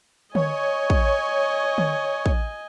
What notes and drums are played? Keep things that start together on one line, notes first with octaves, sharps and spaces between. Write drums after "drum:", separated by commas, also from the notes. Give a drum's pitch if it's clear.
C#5 D#5 G#5, drum: tom D3
drum: kick
drum: tom D3
drum: kick